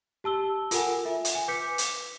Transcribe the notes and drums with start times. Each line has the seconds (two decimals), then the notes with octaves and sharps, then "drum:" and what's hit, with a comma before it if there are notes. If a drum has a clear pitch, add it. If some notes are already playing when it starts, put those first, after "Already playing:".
0.24 G4 A5 E6 G7
0.71 F4 A4 A#4 F#5 G#5, drum: hi-hat
1.05 F4 E5
1.25 drum: hi-hat
1.35 G#5
1.48 B4 D6 G6 B6 C#7
1.78 drum: hi-hat